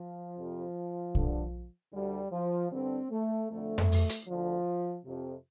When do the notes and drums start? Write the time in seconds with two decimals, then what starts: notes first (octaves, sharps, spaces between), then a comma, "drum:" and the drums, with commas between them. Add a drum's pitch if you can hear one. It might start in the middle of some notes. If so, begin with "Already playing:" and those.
Already playing: F3
0.37 F2 C3
1.15 G2 D3, drum: kick
1.93 D2 D3 G3
2.32 F3
2.71 G2 D3 C4
3.10 A3
3.50 F2 D3 A3
3.78 drum: tom F2
3.92 drum: open hi-hat
4.09 drum: hi-hat
4.27 D2 D3 F3
5.05 F2 C3